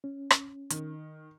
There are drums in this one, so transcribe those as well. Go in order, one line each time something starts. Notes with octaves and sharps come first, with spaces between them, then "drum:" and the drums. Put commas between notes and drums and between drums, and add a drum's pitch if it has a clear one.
C#4
drum: rim click
D#3, drum: hi-hat